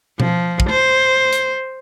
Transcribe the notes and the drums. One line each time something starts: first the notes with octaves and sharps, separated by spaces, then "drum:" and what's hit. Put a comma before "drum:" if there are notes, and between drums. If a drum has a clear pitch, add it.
F3, drum: tom B2
drum: kick
C5
drum: hi-hat